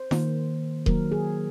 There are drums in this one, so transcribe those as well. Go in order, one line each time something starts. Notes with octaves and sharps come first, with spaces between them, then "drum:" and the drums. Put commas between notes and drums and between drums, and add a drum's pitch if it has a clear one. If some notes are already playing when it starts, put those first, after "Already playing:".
Already playing: C5
D#3 A#3, drum: snare
D#3 F#3 A#3 A#4, drum: kick D#1
G#4